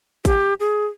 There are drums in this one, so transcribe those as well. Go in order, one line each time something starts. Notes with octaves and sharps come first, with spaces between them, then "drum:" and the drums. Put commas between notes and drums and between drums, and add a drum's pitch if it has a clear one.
G4, drum: kick A1, hi-hat
G#4